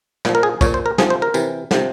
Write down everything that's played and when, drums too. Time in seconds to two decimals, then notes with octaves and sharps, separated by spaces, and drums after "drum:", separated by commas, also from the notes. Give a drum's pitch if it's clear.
0.25 A#2 F3, drum: snare
0.35 A#4
0.43 G#4
0.61 A#2 F3 C#5, drum: kick B1, tambourine
0.74 C5
0.86 A#4
0.98 C3 F3 G#4, drum: snare
1.10 C5
1.22 A#4
1.34 C3 E3, drum: tambourine
1.71 C3 F3, drum: snare